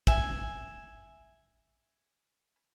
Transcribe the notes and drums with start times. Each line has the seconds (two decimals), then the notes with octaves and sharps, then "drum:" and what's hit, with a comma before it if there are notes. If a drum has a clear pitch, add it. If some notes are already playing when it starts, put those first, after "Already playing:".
0.07 E5 G#5, drum: kick